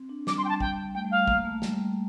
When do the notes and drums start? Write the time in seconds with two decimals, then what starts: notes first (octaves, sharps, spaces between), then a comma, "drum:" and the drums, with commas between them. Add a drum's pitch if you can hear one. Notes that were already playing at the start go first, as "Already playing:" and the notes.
Already playing: C4
0.09 D4
0.27 G3 D6, drum: snare
0.38 C6
0.45 G5
0.49 A5
0.60 G5, drum: kick
0.94 A3 G5
1.05 G3
1.11 A3 F5
1.27 A#3, drum: kick
1.45 A3
1.62 G3, drum: snare